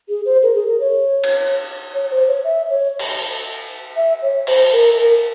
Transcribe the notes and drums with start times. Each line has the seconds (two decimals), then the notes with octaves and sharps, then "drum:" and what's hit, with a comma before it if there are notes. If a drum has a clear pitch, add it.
0.09 G#4
0.26 C5
0.43 A#4
0.55 G#4
0.68 A#4
0.80 C#5
1.24 drum: cymbal
1.94 C#5
2.11 C5
2.27 C#5
2.44 E5
2.70 C#5
2.99 drum: cymbal
3.96 E5
4.22 C#5
4.47 C5, drum: cymbal
4.72 A#4
4.97 A#4